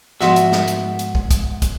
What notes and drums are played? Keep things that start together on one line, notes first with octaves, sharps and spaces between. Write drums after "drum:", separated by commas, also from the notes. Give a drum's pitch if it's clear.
G#2 F3 B3 F#4 E5 C6, drum: snare
drum: hi-hat
drum: snare
drum: hi-hat
drum: hi-hat
drum: kick
drum: kick, hi-hat
drum: kick, hi-hat